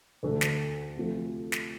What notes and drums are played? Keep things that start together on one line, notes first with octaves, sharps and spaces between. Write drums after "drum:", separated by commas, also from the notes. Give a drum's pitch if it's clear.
D2 D3 A3
drum: snare
C3 F3 A3
drum: snare